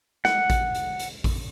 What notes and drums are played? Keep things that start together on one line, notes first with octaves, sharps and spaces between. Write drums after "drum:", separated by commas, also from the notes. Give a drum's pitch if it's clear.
F#5, drum: snare
drum: kick A1, hi-hat
drum: hi-hat
drum: hi-hat
drum: kick A1, open hi-hat